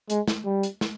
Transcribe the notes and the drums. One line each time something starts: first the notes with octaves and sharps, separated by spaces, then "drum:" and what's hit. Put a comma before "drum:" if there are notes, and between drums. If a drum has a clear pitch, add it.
G#3, drum: hi-hat
drum: snare
G3
drum: hi-hat
drum: snare